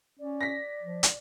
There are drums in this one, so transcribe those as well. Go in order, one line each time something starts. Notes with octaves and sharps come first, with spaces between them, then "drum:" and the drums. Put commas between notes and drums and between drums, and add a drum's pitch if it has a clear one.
C#4 D5
A#6 B6
F3
drum: hi-hat